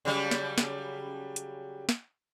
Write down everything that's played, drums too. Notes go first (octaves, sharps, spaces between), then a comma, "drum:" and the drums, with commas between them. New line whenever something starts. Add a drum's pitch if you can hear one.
C#3 F#3 G3
drum: snare
drum: snare
drum: hi-hat
drum: snare